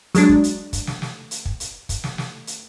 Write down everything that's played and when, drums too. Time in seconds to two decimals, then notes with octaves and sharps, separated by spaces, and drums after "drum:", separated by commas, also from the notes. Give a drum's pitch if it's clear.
0.15 F#3 G#3 D4, drum: hi-hat
0.29 drum: kick
0.44 drum: hi-hat
0.73 drum: kick, hi-hat
0.87 drum: snare
1.02 drum: snare
1.31 drum: hi-hat
1.45 drum: kick
1.60 drum: hi-hat
1.89 drum: kick, hi-hat
2.04 drum: snare
2.18 drum: snare
2.47 drum: hi-hat